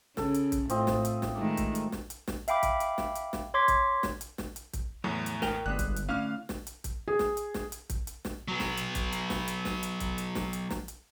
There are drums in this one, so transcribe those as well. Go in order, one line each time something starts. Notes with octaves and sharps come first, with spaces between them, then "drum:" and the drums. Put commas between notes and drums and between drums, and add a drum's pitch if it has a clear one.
C#3 A4, drum: snare
drum: hi-hat
drum: kick, hi-hat
A2 C4 F4 D#5, drum: hi-hat
drum: snare
drum: hi-hat
drum: snare
D#3 G#3 A3 D4
drum: kick, hi-hat
drum: hi-hat
drum: snare
drum: hi-hat
drum: snare
E5 F5 G5 B5 D6, drum: hi-hat
drum: kick, hi-hat
drum: hi-hat
drum: snare
drum: hi-hat
drum: snare
C#5 C6 D6 G#6 B6
drum: kick, hi-hat
drum: snare
drum: hi-hat
drum: snare
drum: hi-hat
drum: kick, hi-hat
E2 A2 F#3
drum: hi-hat
A#4 G5, drum: snare
G1 D3 G#3 B3 F#6
drum: kick, hi-hat
drum: hi-hat
A2 D3 C#4 F5 F6
drum: snare
drum: hi-hat
drum: kick, hi-hat
G#4
drum: snare
drum: hi-hat
drum: snare
drum: hi-hat
drum: kick, hi-hat
drum: hi-hat
drum: snare
F#3 B3
drum: snare
drum: hi-hat
drum: kick, hi-hat
drum: hi-hat
drum: snare
drum: hi-hat
drum: snare
drum: hi-hat
drum: kick, hi-hat
drum: hi-hat
drum: snare
drum: hi-hat
drum: snare
drum: hi-hat